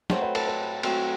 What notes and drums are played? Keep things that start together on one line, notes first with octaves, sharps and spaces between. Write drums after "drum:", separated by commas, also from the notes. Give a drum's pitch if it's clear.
F#3 A3 C4 C5, drum: snare
B4
A4, drum: cymbal
B4
F#3 A3 C4, drum: cymbal